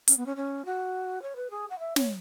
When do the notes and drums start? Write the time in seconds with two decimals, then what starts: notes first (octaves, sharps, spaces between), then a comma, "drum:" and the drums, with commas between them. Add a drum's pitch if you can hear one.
0.08 C#4, drum: hi-hat
0.17 B3
0.26 C#4
0.36 C#4
0.65 F#4
1.22 C#5
1.35 B4
1.50 G#4
1.70 F#5
1.79 E5
1.96 C#5, drum: snare